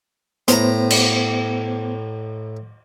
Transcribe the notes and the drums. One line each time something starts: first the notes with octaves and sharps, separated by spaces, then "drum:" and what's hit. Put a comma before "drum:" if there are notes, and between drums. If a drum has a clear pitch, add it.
A2 B3 C5 A#5, drum: hi-hat
drum: cymbal